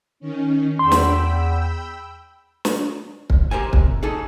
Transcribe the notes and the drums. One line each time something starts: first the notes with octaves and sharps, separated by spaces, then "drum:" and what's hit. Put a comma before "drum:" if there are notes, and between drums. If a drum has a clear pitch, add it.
D#3 C#4
E2 G5 B5 C6 E6
drum: snare
drum: snare
drum: kick
G4 A#4 C5 G#5
C3, drum: kick
D#4 G#4 A4